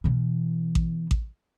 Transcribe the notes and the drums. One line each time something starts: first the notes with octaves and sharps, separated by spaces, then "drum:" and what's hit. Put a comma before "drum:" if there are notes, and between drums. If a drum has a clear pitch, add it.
B2 E3
drum: kick A1
drum: kick A1